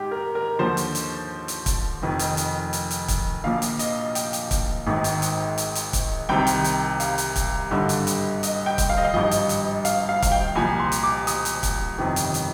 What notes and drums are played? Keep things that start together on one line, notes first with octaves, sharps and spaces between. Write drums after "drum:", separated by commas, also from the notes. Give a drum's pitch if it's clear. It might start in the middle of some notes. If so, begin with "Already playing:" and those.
Already playing: G#2 G4
A#4
A#4
D#2 D3 F3 C5
drum: hi-hat
drum: hi-hat
drum: hi-hat
drum: kick, hi-hat
F1 F2 D#3
drum: hi-hat
drum: hi-hat
drum: hi-hat
drum: hi-hat
drum: kick, hi-hat
A#1 A#2 F3 F5
drum: hi-hat
D#5, drum: hi-hat
G5, drum: hi-hat
drum: hi-hat
drum: kick, hi-hat
G#1 G#2 D#3
drum: hi-hat
drum: hi-hat
drum: hi-hat
drum: hi-hat
drum: kick, hi-hat
C2 C3 D#3 G5
drum: hi-hat
drum: hi-hat
F5, drum: hi-hat
drum: hi-hat
drum: kick, hi-hat
G#1 G2 D3
drum: hi-hat
drum: hi-hat
D#5, drum: hi-hat
G5
drum: kick, hi-hat
F5
D#5
F5
G#1 G2 F3 D#5
drum: hi-hat
drum: hi-hat
F5, drum: hi-hat
F5
F5, drum: kick, hi-hat
G5
C2 A#2 F3 G#5
C6
drum: hi-hat
D6
D#6, drum: hi-hat
drum: hi-hat
drum: kick, hi-hat
G1 F2 C3 D#3
drum: hi-hat
drum: hi-hat